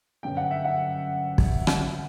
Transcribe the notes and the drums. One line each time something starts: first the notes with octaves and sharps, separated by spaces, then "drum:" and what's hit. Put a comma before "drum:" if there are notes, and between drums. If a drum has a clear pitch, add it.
G1 F#2 F#3 G5
F#5
E5
F#5
drum: kick
drum: rim click